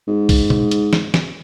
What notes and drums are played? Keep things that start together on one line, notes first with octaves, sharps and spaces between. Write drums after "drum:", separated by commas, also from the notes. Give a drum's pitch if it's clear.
G#2
drum: kick B1, open hi-hat
drum: tom B2
drum: hi-hat
drum: snare
drum: snare